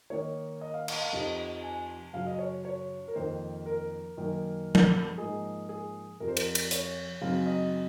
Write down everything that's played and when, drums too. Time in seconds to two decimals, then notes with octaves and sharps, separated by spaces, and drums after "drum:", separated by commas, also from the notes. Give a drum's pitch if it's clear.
0.10 D#3 A#3 D#4 C#5
0.61 D#5
0.74 F5
0.88 D#5, drum: cymbal
1.01 F5
1.12 F2 C3 F3 C4 D#4 D#5
1.62 G#5
2.13 F#2 C#3 F#3 F5
2.26 D#5
2.39 C#5
2.65 C#5
3.08 A#4
3.15 F2 D#3 A#3 C5
3.66 A#4
4.17 F#2 D#3 A#3
4.75 drum: tom
5.18 G#2 F3 A#3 D#4 G#4
5.69 G#4
6.20 F2 C3 F3 A#4
6.28 C5
6.37 A#4, drum: cymbal
6.55 drum: cymbal
6.71 C#5, drum: hi-hat
7.21 F#2 C#3 F#3 C4 D#4 F5
7.46 D#5